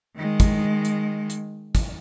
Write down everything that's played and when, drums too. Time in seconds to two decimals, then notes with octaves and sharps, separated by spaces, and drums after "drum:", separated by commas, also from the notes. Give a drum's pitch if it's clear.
0.17 D#3 G#3
0.40 drum: kick, hi-hat
0.85 drum: hi-hat
1.30 drum: hi-hat
1.75 drum: kick, hi-hat